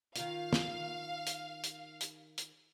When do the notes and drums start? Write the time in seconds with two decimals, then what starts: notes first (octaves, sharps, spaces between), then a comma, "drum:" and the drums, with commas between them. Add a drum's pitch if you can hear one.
0.16 D#3 F4 F5, drum: hi-hat
0.53 drum: snare
1.27 drum: hi-hat
1.64 drum: hi-hat
2.01 drum: hi-hat
2.38 drum: hi-hat